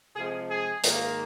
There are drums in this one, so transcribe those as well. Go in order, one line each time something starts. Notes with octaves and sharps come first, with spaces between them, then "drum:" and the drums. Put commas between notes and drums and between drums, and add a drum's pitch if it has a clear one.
C3 F3 G#3 G#4
G#4
G#2 D#3 A#3, drum: hi-hat